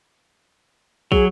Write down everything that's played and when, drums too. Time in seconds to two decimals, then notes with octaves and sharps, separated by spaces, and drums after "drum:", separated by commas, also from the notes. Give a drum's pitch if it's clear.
1.12 F#3 G#4, drum: kick